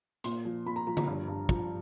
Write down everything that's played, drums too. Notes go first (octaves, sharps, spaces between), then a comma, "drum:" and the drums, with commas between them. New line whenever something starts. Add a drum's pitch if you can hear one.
A#2 C6, drum: hi-hat
F3
A#2 B5
A#5
F3 A#5
A#5, drum: tom D3
G2
G2
F3, drum: kick